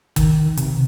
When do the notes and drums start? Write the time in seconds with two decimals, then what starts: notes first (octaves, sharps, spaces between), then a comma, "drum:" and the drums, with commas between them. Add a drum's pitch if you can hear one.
0.16 D#3, drum: kick, hi-hat
0.57 C3, drum: hi-hat